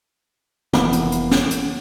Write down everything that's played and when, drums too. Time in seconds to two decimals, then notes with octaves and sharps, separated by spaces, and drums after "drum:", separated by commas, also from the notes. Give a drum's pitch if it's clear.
0.73 F1 E3 A#3 B3, drum: snare
0.93 drum: hi-hat
1.12 drum: hi-hat
1.31 drum: snare
1.51 drum: hi-hat